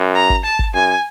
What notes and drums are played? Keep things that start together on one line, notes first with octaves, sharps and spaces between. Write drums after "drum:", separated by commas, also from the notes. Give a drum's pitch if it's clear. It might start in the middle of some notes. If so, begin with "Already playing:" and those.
Already playing: F#2
A#5
drum: kick G#1
A5
drum: kick G#1
F#2 G#5